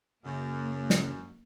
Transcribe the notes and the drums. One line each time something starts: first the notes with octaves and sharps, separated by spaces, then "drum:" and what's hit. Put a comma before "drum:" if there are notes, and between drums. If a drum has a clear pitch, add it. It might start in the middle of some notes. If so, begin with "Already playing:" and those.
F#2 C#3 A#3
drum: snare